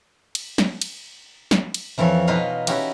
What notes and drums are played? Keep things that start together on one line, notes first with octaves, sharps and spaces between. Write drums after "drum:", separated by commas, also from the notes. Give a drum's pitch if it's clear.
drum: cymbal
drum: snare
drum: cymbal
drum: snare
drum: cymbal
F2 E3 F3 C4 C#5
B2 D#4 F4 B4 F5
C#4 D#4 E4 F#4 G4, drum: cymbal